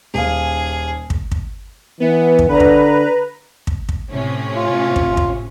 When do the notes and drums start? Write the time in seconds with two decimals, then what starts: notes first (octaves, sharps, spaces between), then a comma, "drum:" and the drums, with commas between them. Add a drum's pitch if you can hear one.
0.14 D#1 G#4 F5
1.10 drum: kick
1.31 drum: kick
2.00 E3 B3
2.39 drum: kick
2.49 D3 B4 A#5
2.60 drum: kick
3.67 drum: kick
3.89 drum: kick
4.10 A2 C3 C#4
4.56 F4
4.96 drum: kick
5.17 drum: kick